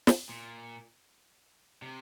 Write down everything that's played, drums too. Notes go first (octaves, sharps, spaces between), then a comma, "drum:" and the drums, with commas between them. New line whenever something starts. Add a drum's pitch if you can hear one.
drum: snare
A#2
C3